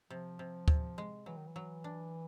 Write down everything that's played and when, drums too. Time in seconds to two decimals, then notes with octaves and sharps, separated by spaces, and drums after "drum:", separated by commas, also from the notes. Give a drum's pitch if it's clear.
0.10 C3 F3
0.39 C3
0.68 C3, drum: kick D2
0.98 G#3
1.26 E3 F#3
1.37 D#3
1.47 E3
1.56 F#3
1.84 D4